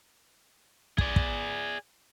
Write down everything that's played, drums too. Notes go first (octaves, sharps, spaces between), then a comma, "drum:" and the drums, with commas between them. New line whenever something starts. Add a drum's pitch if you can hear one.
G#4 D5, drum: kick
drum: kick